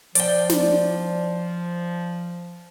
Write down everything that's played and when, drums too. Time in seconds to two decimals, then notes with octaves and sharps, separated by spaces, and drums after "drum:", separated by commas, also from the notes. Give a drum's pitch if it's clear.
0.15 F3 D5 G5, drum: hi-hat
0.50 drum: snare